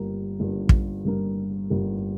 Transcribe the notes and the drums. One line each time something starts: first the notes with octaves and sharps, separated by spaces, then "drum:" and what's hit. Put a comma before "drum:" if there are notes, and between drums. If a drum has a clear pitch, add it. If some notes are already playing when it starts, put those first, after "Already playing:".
Already playing: G1 G2 G3 A#3
G1 G2 G3 A#3
drum: kick
G1 G2 G3 A#3
G1 G2 G3 A#3